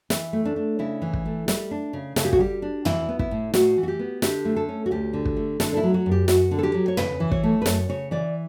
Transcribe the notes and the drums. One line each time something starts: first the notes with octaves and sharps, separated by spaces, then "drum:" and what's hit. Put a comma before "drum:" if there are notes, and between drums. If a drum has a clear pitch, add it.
E3 E4, drum: snare
A3
D4
D4
C#3 E4
E3
drum: kick
A3
G3, drum: snare
D4
C#3
C#3 A4, drum: snare
G4
F#4, drum: kick
G3 G4
D4
E3 E4, drum: tom
B3
E4, drum: kick
A2
A2 F#4, drum: snare
E3
F#4
G4
B3
D3 G4, drum: snare
A3
A4
C#4
F#4
D2 G4
D3
drum: kick
A3
D3 A4, drum: snare
D4
E4
F#3
F#4
F#2
G4
F#2 F#4, drum: snare
D3
A4
G4
F#3
C#5
C#3 B4, drum: tom
E3
C#5, drum: kick
A3
B4
F#2 C#5, drum: snare
C#3 C#5
E3 D5